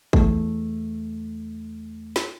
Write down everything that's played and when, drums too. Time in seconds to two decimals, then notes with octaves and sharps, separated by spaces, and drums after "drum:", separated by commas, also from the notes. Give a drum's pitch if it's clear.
0.13 E2 A3, drum: kick
2.16 drum: snare